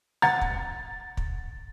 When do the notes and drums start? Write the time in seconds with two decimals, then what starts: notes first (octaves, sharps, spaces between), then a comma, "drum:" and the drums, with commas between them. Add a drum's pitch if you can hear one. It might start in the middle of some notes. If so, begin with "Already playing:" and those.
0.22 F#5 A#5 A6, drum: snare
0.41 drum: kick
1.17 drum: kick